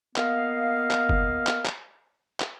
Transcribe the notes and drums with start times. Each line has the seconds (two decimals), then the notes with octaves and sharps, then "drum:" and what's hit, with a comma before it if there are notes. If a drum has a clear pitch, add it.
0.16 A#3 B3 D#5 F5, drum: clap
0.91 drum: clap
1.09 drum: kick F#1
1.47 drum: clap
1.65 drum: clap
2.40 drum: clap